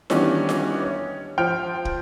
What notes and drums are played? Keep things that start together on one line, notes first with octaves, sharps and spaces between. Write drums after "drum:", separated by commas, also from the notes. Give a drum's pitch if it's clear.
D#3 E3 G3 B3 C#4 D4, drum: snare F4
drum: snare F4
C#5
F3 C5 G5 F6 D7
drum: kick